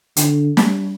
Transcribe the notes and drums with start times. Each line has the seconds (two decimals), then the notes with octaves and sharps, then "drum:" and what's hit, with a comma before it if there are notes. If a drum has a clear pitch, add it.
0.16 D3, drum: hi-hat
0.57 G3, drum: snare